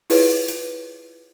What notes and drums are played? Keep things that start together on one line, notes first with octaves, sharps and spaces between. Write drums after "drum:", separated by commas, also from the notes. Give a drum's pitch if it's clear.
E4 F4 G#4 B4 C#5, drum: open hi-hat
drum: hi-hat